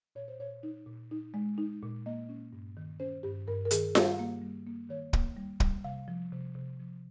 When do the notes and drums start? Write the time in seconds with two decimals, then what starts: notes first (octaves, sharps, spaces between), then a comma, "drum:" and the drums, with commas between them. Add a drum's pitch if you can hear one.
0.15 A#2 C#5
0.28 C5
0.39 A#2 C#5
0.63 D#4
0.86 A#2
1.11 D#4
1.34 G#3
1.58 D#4
1.82 A#2
2.06 A#3 D#5
2.29 C#4
2.53 G2
2.77 D#3
3.00 C#4 C5
3.23 G2 G4
3.48 G2 A#4
3.65 A#4
3.71 D#3 G#4, drum: hi-hat
3.95 G3 G4, drum: snare F4
4.19 A#3
4.42 G3
4.67 A#3
4.89 D#3 C#5
5.13 A#3, drum: kick
5.37 G3
5.60 G3, drum: kick
5.84 C3 F5
6.08 F3
6.32 C3
6.55 C3
6.80 F3